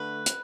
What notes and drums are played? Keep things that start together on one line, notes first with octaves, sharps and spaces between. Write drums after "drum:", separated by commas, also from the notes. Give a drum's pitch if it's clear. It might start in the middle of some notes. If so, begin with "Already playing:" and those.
Already playing: D3 A3 B4
drum: hi-hat